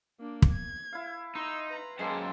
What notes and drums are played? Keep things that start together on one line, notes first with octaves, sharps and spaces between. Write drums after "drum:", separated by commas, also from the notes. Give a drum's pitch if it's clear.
A#3 D4
drum: kick
G#6
E4 F5
D#4 C6 E6
B4 A#5
F#2 G#3 A#3 A4 C5 G5